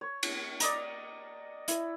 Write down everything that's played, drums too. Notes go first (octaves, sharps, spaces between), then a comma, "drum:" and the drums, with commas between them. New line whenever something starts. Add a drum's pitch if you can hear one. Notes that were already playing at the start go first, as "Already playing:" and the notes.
C#5
drum: cymbal
D5 D#5 A#5, drum: hi-hat
E4, drum: hi-hat